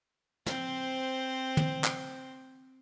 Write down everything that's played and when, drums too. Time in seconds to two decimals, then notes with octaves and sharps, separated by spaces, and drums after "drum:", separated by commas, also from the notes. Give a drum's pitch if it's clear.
0.46 C4 C5, drum: snare
1.57 drum: tom
1.84 drum: clap